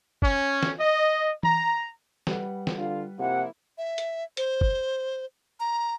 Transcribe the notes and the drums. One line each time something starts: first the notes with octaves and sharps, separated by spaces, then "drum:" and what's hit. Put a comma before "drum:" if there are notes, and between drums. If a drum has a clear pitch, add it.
C#4, drum: kick
drum: snare
D#5
A#5, drum: tom E3
G3 B4 F#5, drum: snare
drum: snare
D3 F4
C3 F3 A#3 E4 F#5
E5
drum: hi-hat
C5, drum: hi-hat
drum: kick
A#5